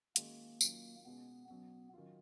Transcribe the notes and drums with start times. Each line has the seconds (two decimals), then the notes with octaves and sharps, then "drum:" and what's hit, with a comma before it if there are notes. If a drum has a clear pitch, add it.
0.16 D#3 G#3 A#3 C#4 F#4, drum: hi-hat
0.61 D#3 F#3 C#4 F4, drum: tambourine
1.05 B2 G#3 B3 C#4
1.49 B2 F#3 B3 C#4
1.94 D#3 F#3 C#4 F4